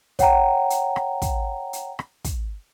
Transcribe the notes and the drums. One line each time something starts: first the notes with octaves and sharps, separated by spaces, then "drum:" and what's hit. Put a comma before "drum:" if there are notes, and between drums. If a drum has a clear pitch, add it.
C#5 F#5 G5 A#5, drum: kick, hi-hat
drum: hi-hat
drum: rim click
drum: kick, hi-hat
drum: hi-hat
drum: rim click
drum: kick, hi-hat